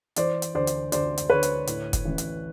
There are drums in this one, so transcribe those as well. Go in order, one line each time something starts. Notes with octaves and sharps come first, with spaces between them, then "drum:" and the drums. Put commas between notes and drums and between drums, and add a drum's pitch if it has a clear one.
E3 C5 D5, drum: hi-hat
drum: hi-hat
D2 C5 D5
drum: hi-hat
D2 C5 D5, drum: hi-hat
drum: hi-hat
D2 B4 C#5
drum: hi-hat
A2, drum: hi-hat
drum: kick, hi-hat
A1
drum: hi-hat